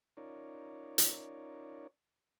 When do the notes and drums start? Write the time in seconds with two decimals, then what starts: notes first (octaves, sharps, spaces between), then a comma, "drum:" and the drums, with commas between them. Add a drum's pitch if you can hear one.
0.17 C#4 D#4 F4 A#4 C#5 D5
0.98 drum: hi-hat